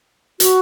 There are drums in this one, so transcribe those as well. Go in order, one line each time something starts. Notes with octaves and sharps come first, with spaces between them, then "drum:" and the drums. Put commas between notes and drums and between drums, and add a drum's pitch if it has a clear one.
F#4, drum: hi-hat